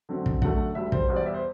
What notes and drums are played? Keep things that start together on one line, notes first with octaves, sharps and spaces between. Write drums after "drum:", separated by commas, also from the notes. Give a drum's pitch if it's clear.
F#2 D3 F#3 C4
drum: kick
F#2 D3 F#3 A3 F#5, drum: kick
D2 D3 G3 E5
C5, drum: kick
E2 B2 G3 C5
D5
E5
C5